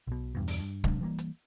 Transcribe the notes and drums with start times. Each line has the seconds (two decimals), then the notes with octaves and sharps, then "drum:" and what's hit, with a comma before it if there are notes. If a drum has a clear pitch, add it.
0.07 B1 B2
0.35 E2 G2 B2
0.48 drum: open hi-hat
0.60 G2
0.84 C3 F#3 G#3 D4, drum: kick
1.01 E3 G3 G#3 A#3
1.19 drum: hi-hat